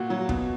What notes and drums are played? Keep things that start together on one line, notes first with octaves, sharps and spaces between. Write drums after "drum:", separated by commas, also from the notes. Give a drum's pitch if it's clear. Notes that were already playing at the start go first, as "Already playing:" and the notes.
Already playing: A#2 F#4
F#3
B2, drum: kick